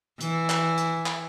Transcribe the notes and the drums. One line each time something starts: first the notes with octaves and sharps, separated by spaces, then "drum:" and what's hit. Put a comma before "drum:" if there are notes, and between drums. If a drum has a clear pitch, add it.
E3, drum: hi-hat
drum: clap
drum: hi-hat
drum: clap